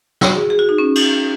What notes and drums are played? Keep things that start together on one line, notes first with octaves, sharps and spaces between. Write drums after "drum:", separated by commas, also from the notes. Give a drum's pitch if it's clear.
F#4, drum: snare
G#4
G#4
F#4
D#4
C#4
drum: cymbal